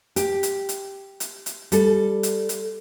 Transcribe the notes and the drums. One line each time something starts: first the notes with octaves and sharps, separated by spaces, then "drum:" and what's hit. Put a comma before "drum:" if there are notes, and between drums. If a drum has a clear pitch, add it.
G4, drum: hi-hat
drum: hi-hat
drum: hi-hat
drum: hi-hat
drum: hi-hat
G3 A4, drum: hi-hat
drum: hi-hat
drum: hi-hat